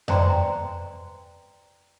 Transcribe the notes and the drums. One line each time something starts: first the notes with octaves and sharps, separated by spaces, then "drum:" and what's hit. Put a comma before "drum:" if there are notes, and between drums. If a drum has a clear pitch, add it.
B4 C5 D5 G5 A#5 C6, drum: tom F2